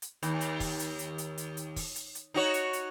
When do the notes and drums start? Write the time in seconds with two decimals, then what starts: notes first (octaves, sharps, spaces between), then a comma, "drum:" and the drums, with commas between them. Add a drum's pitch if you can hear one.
0.02 drum: hi-hat
0.23 D#2, drum: hi-hat
0.41 drum: hi-hat
0.60 drum: kick, open hi-hat
0.79 drum: hi-hat
0.99 drum: hi-hat
1.18 drum: hi-hat
1.38 drum: hi-hat
1.57 drum: hi-hat
1.76 drum: kick, open hi-hat
1.96 drum: hi-hat
2.15 drum: hi-hat
2.34 D#4 F#4 C#5
2.54 drum: hi-hat
2.73 drum: hi-hat